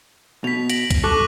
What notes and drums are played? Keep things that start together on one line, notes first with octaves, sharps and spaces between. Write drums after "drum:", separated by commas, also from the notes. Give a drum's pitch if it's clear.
B2 B6 F7
A#6 D7 F#7, drum: hi-hat
drum: kick C2, hi-hat
G2 A4 C#6 D6 F#6